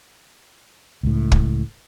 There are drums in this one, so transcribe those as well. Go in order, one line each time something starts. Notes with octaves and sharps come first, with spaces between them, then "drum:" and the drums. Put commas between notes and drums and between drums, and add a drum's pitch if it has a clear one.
C#2 A2
drum: kick